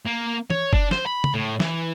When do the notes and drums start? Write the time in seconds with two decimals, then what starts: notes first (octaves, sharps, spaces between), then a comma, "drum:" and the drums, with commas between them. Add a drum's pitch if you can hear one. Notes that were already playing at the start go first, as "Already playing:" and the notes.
0.06 A#3
0.50 C#5, drum: tom
0.73 D4, drum: kick F#1
0.91 C5, drum: snare
1.06 B5
1.24 drum: tom C#3
1.34 A2
1.60 E3, drum: snare